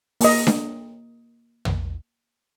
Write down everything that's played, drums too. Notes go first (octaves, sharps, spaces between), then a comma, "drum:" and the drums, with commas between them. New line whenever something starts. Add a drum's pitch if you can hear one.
A#3 D#5, drum: open hi-hat
drum: snare D4
drum: tom